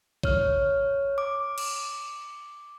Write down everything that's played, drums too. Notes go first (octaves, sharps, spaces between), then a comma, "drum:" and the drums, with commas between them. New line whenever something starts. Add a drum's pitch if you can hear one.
C#5 F6, drum: kick A#1
D6
drum: cymbal